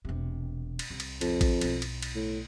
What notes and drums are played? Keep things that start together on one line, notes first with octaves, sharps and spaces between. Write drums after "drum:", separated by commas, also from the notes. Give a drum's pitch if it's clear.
E1 C3
drum: cymbal
C2
drum: cymbal
F2, drum: cymbal
drum: kick A1, cymbal
B1 E4, drum: cymbal
drum: cymbal
drum: cymbal
A2